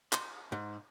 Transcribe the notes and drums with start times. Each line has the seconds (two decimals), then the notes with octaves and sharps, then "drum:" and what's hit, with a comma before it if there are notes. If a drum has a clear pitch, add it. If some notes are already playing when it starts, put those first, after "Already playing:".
0.13 C6, drum: clap
0.52 G#2